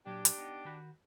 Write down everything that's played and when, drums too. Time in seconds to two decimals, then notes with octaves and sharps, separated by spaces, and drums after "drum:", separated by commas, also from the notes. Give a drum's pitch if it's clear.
0.06 A#2 F#3 D4 G4
0.25 drum: hi-hat
0.38 B3 D#4
0.65 D#3 F#4 B5